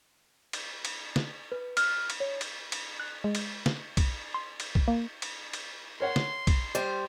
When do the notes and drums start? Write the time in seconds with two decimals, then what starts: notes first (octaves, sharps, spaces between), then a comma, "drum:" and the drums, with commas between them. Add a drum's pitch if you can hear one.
0.53 drum: cymbal
0.85 drum: cymbal
1.16 drum: snare
1.52 B4
1.77 F6, drum: cymbal
2.10 drum: cymbal
2.20 C#5
2.41 drum: cymbal
2.72 drum: cymbal
3.00 F#6
3.24 G#3
3.35 drum: cymbal
3.66 drum: snare
3.97 drum: kick, cymbal
4.34 C6
4.60 drum: cymbal
4.75 drum: kick
4.88 A#3
5.22 drum: cymbal
5.53 drum: cymbal
6.00 A#4 C#5 F#5 C6
6.16 drum: snare
6.47 drum: kick, cymbal
6.75 G3 C5 D5